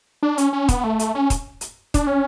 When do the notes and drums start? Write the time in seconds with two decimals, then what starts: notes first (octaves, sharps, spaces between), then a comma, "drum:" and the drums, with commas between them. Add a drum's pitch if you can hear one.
0.23 D4
0.38 C#4, drum: hi-hat
0.53 C#4
0.69 B3, drum: kick D#1, hi-hat
0.84 A3
0.99 drum: hi-hat
1.15 C#4
1.30 drum: kick D#1, hi-hat
1.61 drum: hi-hat
1.94 D4, drum: kick D#1, hi-hat
2.07 C#4